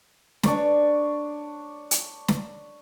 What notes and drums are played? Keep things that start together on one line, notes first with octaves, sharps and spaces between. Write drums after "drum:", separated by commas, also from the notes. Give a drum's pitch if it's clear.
D4 C#5 D5, drum: snare
drum: hi-hat
drum: snare